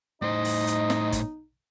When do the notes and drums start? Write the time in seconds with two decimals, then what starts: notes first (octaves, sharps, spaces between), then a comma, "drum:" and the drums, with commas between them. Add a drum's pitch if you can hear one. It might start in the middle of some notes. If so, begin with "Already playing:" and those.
0.22 A2 D#4 C5 D#5
0.45 drum: open hi-hat
0.67 drum: hi-hat
0.90 drum: snare
1.12 drum: kick, hi-hat